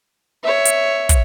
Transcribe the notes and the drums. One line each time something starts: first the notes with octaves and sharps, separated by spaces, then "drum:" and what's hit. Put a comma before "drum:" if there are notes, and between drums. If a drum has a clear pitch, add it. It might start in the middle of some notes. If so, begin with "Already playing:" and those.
C#5 E5
drum: hi-hat
drum: kick, hi-hat